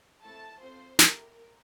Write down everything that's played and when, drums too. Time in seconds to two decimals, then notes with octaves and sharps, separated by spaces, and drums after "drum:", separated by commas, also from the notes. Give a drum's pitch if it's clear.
0.22 A3 C4 E4 A4 A5
0.60 C4 F4 A4 C5
0.99 A3 E4 G4 A#4, drum: snare